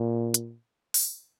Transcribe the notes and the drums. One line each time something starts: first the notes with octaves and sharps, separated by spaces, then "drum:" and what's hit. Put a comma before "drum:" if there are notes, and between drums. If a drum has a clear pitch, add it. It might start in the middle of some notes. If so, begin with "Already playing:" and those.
Already playing: A#2
drum: hi-hat
drum: open hi-hat